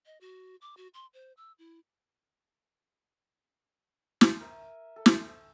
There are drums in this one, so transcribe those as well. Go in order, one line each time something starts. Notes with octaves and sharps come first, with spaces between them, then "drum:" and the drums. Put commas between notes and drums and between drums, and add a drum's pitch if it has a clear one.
D#5
F#4
D6
F#4
C6
C5
E6
E4
drum: snare
A#4 E5 G#5
A4
drum: snare